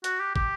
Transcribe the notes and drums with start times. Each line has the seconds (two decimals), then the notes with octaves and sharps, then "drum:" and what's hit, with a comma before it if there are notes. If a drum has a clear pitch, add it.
0.04 F#4, drum: hi-hat
0.20 G4
0.36 G4, drum: kick